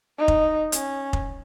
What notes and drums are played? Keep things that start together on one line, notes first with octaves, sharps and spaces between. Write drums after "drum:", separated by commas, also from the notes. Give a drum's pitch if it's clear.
D#4
drum: kick F1
C#4, drum: hi-hat
drum: kick F1